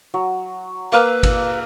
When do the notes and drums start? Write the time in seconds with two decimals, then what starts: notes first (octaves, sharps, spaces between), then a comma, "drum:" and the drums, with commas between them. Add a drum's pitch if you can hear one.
0.14 F#3
0.92 A#3 B4 F5 E6
1.23 drum: kick G#1, cymbal